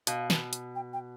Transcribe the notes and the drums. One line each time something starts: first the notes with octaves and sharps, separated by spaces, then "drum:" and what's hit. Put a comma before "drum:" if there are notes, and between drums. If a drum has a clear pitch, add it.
B2 F5, drum: hi-hat
drum: snare
drum: hi-hat
G5
G5